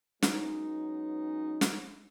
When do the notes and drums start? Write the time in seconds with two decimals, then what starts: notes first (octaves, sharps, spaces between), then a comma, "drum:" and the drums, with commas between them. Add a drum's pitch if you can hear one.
0.22 F#3 G#3 B3 C#4 D#4, drum: snare
1.61 drum: snare